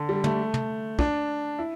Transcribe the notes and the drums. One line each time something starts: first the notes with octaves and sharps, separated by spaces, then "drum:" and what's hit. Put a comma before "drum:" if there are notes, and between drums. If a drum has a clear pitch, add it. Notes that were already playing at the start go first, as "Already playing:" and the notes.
Already playing: D3
G3
A3, drum: tom
drum: tom
D4, drum: kick
E4